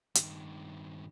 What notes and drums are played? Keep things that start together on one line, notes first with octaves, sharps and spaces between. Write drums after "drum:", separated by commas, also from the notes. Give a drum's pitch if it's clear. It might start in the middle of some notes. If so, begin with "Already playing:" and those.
G2 D#3, drum: hi-hat